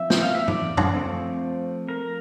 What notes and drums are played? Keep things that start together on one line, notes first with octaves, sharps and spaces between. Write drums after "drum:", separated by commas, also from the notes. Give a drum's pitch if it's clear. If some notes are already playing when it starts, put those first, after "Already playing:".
Already playing: F3 C4 E5
G5, drum: snare
F5
E5
D5, drum: tom G2
drum: tom
F3 A3 C4
A#4